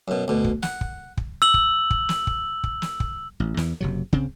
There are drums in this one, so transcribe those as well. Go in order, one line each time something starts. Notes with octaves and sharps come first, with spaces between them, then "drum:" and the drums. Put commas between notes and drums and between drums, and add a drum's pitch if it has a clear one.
F#2 B2
D2 B2
drum: kick
F#5, drum: snare
drum: kick
drum: kick
E6 F#7
drum: kick
drum: kick
drum: snare
drum: kick
drum: kick
drum: snare
drum: kick
A1
E2 E3, drum: snare
F#1 C3 F#3
C#3 C4, drum: kick